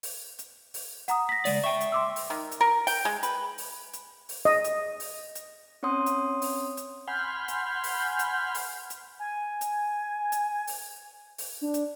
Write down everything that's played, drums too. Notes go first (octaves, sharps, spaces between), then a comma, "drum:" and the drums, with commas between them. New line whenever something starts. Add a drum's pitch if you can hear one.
drum: open hi-hat
drum: hi-hat
drum: open hi-hat
F#5 A#5 D#6, drum: hi-hat
A#6 B6
C#3 G#3 D5, drum: open hi-hat
E5 G5 C#6
drum: hi-hat
C6 D6 E6
drum: open hi-hat
D#3
drum: hi-hat
A#4
G5, drum: open hi-hat
G#3
B4, drum: hi-hat
drum: open hi-hat
drum: hi-hat
drum: open hi-hat
D#5
drum: hi-hat
drum: open hi-hat
drum: hi-hat
C4 C#4 C#5 F#5 C6 D#6
drum: hi-hat
drum: open hi-hat
drum: hi-hat
F#5 G#5 B5 C6 F6 G6
drum: hi-hat
drum: open hi-hat
drum: hi-hat
drum: open hi-hat
drum: hi-hat
G#5
drum: hi-hat
drum: hi-hat
drum: open hi-hat
drum: open hi-hat
D4
drum: hi-hat